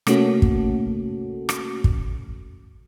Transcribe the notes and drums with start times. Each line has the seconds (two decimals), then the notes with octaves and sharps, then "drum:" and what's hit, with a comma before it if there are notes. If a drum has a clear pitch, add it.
0.07 C3 A3 A#3 C#4 F#4 A4, drum: rim click
0.42 drum: kick
1.49 drum: rim click
1.84 drum: kick